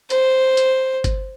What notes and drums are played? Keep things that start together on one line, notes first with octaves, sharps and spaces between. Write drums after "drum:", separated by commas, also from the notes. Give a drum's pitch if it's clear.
C5, drum: hi-hat
drum: hi-hat
drum: kick G1, hi-hat